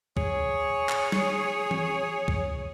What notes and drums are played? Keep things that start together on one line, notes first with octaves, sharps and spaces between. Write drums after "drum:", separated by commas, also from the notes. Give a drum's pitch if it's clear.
G#4 C#5, drum: kick
drum: clap
drum: snare
drum: tom E3
drum: kick